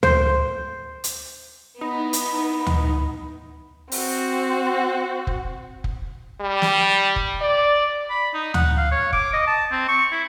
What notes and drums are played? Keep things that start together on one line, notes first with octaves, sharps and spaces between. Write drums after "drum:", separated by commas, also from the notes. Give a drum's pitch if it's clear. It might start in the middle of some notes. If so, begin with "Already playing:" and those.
C5, drum: tom D2
drum: hi-hat
B3 D#4 E4 B5
drum: hi-hat
drum: tom D2
C4 F#4, drum: open hi-hat
drum: kick
drum: kick
G3
drum: snare
drum: kick
D5
B5
D#4
F#5, drum: tom D2
F5
C#5
D6, drum: kick
D#5
A5
C4
C#6
E4